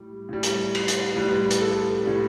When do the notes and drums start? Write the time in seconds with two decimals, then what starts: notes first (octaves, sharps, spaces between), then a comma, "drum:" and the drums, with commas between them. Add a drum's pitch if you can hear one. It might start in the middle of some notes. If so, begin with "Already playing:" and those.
Already playing: A2 G3
0.29 A2 G3
0.43 drum: hi-hat
0.75 drum: cymbal
0.88 drum: hi-hat
1.16 A2 G3 B4
1.51 drum: hi-hat
1.60 A4
2.03 A2 G3